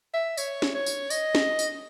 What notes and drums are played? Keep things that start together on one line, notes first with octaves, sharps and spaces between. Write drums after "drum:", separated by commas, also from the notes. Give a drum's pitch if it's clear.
E5
C#5, drum: tambourine
drum: snare
C#5
drum: tambourine
D#5, drum: tambourine
drum: snare
drum: tambourine